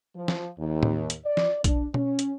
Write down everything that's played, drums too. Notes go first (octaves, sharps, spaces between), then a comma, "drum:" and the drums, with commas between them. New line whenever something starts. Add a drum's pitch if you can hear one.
F3
drum: snare
D#2
drum: tom A2
drum: hi-hat
D5
drum: snare
D4, drum: kick A#1, hi-hat
C#4, drum: tom B2
drum: hi-hat